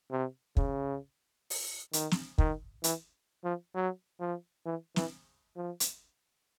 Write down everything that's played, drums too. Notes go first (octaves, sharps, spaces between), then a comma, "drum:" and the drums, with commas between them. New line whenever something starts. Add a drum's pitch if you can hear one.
C3
C#3, drum: kick
drum: open hi-hat
D#3, drum: hi-hat
drum: snare
D#3, drum: kick
E3, drum: hi-hat
F3
F#3
F3
E3
E3, drum: snare
F3
drum: hi-hat